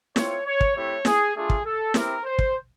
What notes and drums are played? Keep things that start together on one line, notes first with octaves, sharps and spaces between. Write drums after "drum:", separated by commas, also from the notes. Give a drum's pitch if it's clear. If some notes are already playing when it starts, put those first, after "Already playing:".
A3 C4 F4 C#5, drum: snare
C#5
drum: kick
A3 C4 E4 G4 C#5
G#4, drum: snare
A3 D4 F4 G#4
drum: kick
A4
C4 E4 G4 A#4, drum: snare
C5
drum: kick